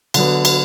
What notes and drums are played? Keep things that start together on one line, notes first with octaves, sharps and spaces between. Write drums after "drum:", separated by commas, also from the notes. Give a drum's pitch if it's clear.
D3 F#3 B3, drum: cymbal
drum: cymbal